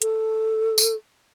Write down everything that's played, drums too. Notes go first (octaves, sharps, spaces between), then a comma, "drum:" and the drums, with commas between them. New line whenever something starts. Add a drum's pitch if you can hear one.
A4, drum: hi-hat
drum: tambourine